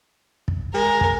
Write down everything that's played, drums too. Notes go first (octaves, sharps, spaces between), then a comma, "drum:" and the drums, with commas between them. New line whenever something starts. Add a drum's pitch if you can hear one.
drum: kick
G#3 A#4
drum: kick